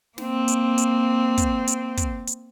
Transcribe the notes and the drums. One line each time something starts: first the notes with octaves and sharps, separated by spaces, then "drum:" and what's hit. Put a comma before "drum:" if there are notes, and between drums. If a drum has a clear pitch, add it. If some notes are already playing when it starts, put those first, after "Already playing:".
A#3 C4, drum: snare
drum: hi-hat
drum: hi-hat
drum: kick, hi-hat
drum: hi-hat
drum: kick, hi-hat
drum: hi-hat